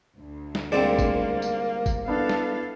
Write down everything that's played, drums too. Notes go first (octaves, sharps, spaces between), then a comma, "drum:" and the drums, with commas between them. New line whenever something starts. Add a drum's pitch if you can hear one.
D2
drum: snare
C2 G#2 A#3 D5 G5
drum: kick G1, tambourine
drum: tambourine
drum: kick G1, tambourine
B3 D4 E4 A4 B4 F5
drum: snare